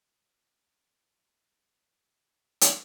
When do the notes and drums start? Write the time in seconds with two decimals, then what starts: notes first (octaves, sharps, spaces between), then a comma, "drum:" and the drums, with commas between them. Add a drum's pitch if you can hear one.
0.21 F4 A4 D#5 C6 D6
2.61 drum: hi-hat